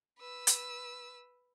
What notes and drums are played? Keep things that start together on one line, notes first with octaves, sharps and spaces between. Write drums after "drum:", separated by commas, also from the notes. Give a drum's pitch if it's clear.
B4 E6
drum: hi-hat